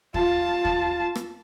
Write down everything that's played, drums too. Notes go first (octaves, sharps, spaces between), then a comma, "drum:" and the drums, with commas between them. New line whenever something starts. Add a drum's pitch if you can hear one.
F4 A5, drum: kick
drum: kick
drum: rim click